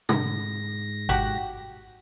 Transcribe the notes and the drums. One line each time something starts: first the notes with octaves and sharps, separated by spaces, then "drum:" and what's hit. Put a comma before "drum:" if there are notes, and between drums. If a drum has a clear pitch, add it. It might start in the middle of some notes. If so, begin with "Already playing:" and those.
G#2 A#6, drum: tom
F#4 G4 F#5, drum: kick G#1